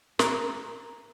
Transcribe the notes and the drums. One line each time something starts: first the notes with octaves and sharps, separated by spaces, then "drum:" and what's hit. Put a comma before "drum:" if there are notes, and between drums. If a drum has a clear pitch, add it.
A#4, drum: snare